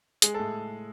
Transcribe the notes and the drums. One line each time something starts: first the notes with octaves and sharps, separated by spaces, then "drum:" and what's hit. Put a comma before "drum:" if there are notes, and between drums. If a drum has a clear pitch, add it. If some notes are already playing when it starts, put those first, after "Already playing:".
G#3 G#4, drum: hi-hat
A4
A2